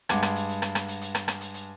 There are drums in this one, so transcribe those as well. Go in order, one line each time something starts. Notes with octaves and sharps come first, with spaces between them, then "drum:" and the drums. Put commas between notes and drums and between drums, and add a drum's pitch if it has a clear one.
G2 G#3 F#5 D6 G#6, drum: rim click
drum: rim click
drum: hi-hat
drum: hi-hat
drum: rim click
drum: rim click
drum: hi-hat
drum: hi-hat
drum: rim click
drum: rim click
drum: hi-hat
drum: hi-hat